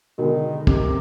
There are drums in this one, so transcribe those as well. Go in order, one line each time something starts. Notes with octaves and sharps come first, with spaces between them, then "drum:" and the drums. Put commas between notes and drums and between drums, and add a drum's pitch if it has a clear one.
B2 D3 D#3 G#3 A#4
C3, drum: kick